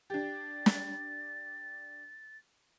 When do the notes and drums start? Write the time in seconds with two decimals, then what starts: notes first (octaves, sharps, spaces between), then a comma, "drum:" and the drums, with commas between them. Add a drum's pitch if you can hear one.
0.10 D4 G4 A6
0.66 drum: snare